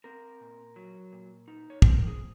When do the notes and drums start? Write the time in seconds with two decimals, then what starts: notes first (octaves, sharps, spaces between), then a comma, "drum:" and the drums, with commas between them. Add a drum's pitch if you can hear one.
0.04 C4 A#4
0.41 A#2
0.76 F#3
1.13 A#2
1.48 D#4
1.70 C#5
1.82 F3 C5, drum: kick
1.95 A#4
2.07 G#4